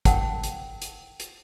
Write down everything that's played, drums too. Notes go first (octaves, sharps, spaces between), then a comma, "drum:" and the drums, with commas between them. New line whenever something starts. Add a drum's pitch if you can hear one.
A#4 F#5 G5 A5, drum: kick, hi-hat
drum: hi-hat
drum: hi-hat
drum: hi-hat